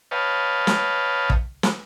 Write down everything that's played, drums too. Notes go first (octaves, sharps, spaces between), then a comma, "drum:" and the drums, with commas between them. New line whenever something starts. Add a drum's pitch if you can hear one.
B4 C#5 D#5 F5 G5 A5
drum: snare
drum: kick
drum: snare